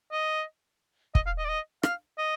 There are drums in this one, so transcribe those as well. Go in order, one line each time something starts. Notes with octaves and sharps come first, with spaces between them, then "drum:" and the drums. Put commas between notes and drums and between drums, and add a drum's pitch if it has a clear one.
D#5
D#5, drum: kick
F5
D#5
D5
D#5
F5, drum: rim click
D#5